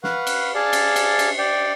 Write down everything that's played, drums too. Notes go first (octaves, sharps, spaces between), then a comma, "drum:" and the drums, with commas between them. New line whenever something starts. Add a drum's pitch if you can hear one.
B4 F5 F#5 C#6, drum: snare
drum: cymbal
G#4 D5 F5 A5
drum: cymbal
drum: cymbal
drum: cymbal
D5 G5